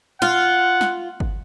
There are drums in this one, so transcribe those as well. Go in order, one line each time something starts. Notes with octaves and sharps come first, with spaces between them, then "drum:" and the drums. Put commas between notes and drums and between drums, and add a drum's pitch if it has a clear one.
F4 F#5, drum: snare
drum: snare
drum: kick G1